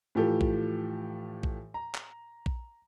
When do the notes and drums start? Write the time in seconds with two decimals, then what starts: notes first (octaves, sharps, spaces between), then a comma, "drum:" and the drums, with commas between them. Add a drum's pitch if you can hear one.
0.15 A2 E3 F3 F4 G4 A4
0.41 drum: kick A#1
1.43 drum: kick A#1
1.74 A#5
1.95 drum: clap
2.46 drum: kick A#1